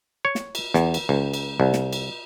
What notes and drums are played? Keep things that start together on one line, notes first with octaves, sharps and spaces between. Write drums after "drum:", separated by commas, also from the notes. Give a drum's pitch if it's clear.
C#5
drum: snare
drum: cymbal
E2, drum: snare
drum: cymbal
C#2
drum: cymbal
C2
drum: snare
drum: cymbal